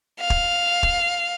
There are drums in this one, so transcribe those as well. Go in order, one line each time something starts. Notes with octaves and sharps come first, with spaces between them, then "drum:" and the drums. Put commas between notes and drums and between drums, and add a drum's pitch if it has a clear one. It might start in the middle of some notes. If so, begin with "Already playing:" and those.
F5
drum: kick
drum: kick